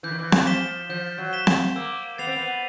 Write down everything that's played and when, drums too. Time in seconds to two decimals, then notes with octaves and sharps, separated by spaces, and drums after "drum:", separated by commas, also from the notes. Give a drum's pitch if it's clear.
0.03 E3 G6
0.11 D#3
0.18 E3
0.32 drum: snare C4
0.46 F3 B6 E7 G7
0.89 F3 G6
1.18 F#3
1.33 B6 E7 G7
1.47 drum: snare C4
1.76 A#3 E6
2.18 B3 A6 C7 F7
2.27 C4
2.36 B3